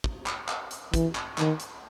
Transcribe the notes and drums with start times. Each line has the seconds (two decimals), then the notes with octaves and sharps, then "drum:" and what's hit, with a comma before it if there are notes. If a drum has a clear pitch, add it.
0.04 drum: kick
0.26 drum: clap
0.49 drum: clap
0.71 drum: hi-hat
0.94 E3, drum: kick, hi-hat
1.15 drum: clap
1.38 D#3, drum: clap
1.60 drum: hi-hat